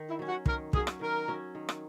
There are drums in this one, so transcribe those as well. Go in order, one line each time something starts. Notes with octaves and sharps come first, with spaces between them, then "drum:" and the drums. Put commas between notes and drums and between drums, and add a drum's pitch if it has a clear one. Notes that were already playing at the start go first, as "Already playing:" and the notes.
Already playing: D#3
E4
F#3 C#4
F#4
D#3 A#4, drum: kick
F#3 C#4 G#4, drum: kick
drum: rim click
D#3 A#4
F#3 C#4
D#3
drum: rim click